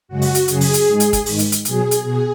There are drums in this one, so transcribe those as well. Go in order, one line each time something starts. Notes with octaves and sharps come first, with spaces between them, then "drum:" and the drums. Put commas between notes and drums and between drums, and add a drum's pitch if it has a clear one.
F#2 C#3 G#3 F#4
drum: open hi-hat
drum: hi-hat
F#2 C#3 F#3 G#4, drum: hi-hat
drum: open hi-hat
drum: hi-hat
G#2 G#3
drum: hi-hat
drum: kick, hi-hat
G#2 D#3 G#3, drum: open hi-hat
drum: hi-hat
drum: hi-hat
B2 F#3 G#4, drum: hi-hat
drum: hi-hat
B2 G#4